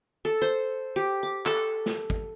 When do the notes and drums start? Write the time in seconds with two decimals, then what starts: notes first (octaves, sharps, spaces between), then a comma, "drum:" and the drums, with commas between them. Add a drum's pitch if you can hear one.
0.25 A4
0.42 C5
0.96 G4
1.23 D6
1.46 A4, drum: clap
1.86 drum: snare
2.10 drum: kick